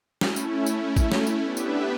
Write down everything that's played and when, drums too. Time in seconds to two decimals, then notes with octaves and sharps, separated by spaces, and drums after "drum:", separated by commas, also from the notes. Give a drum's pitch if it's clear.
0.21 A3 C#4 E4, drum: snare
0.36 drum: tambourine
0.66 drum: tambourine
0.97 drum: kick, tambourine
1.12 drum: snare
1.27 drum: tambourine
1.42 B3 D4 G4 B4 E5
1.57 drum: tambourine